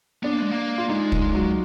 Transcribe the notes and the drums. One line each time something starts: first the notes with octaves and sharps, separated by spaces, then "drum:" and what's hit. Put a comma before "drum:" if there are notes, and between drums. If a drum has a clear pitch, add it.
B3 D4
A#3
G#3
A#3
F4
G#3 D#4
drum: kick
F#3